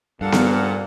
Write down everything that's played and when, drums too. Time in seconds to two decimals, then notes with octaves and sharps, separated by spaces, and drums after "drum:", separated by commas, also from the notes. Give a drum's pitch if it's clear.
0.21 G2 A#2 A4 F5 F#5
0.32 drum: snare B3